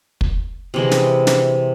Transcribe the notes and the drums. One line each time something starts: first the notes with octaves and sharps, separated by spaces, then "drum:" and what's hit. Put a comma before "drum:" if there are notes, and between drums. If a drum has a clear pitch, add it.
drum: kick
C3 E3 G#3
drum: snare
drum: snare